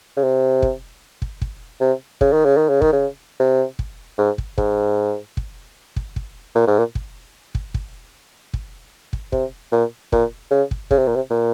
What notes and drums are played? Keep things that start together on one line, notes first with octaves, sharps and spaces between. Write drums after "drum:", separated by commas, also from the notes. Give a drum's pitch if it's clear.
C#3
C3
drum: kick
drum: kick
drum: kick
C3
C#3, drum: kick
D#3
C#3
D#3
C#3
D#3, drum: kick
C#3
C3
drum: kick
G#2
drum: kick
G#2, drum: kick
drum: kick
drum: kick
drum: kick
A#2
G#2
A#2
drum: kick
drum: kick
drum: kick
drum: kick
drum: kick
C3, drum: kick
A#2
A#2, drum: kick
C#3
drum: kick
C#3, drum: kick
C3
A#2
C3
A#2